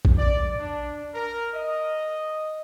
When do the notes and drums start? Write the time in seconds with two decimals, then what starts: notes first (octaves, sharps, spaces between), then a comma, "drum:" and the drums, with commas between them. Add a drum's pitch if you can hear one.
0.05 drum: kick
0.18 D5
0.59 D4
1.15 A#4
1.54 D#5